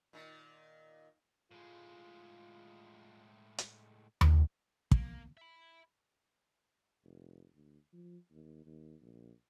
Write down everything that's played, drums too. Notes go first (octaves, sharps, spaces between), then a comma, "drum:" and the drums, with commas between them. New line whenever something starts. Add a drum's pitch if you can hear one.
A#2 D#3
A2 G#3 F4
drum: hi-hat
drum: tom D#2
A#3, drum: kick
E5 B5
F1
D2
F3
D#2
D#2
A#1